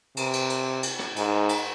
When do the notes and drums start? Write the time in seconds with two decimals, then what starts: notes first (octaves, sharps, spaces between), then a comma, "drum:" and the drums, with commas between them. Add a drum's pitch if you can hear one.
0.17 C3, drum: cymbal
0.33 drum: cymbal
0.50 drum: cymbal
0.83 drum: cymbal
0.99 drum: rim click
1.16 G#2, drum: cymbal
1.49 drum: cymbal